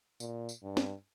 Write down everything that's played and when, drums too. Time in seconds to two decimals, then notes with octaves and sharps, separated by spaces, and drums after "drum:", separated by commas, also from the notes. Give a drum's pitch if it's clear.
0.20 A#2, drum: tambourine
0.49 drum: tambourine
0.63 G2
0.77 drum: snare